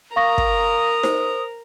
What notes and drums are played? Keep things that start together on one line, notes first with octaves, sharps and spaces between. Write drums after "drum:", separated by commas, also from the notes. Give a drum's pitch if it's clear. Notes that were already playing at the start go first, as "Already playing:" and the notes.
A#4 F5 A#5 C#6 D#6 A#6
drum: kick
C5, drum: snare D#4